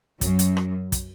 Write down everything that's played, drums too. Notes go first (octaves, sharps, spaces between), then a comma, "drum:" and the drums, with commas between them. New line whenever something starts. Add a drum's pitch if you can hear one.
F#2, drum: kick, hi-hat
drum: hi-hat
drum: rim click
drum: kick, hi-hat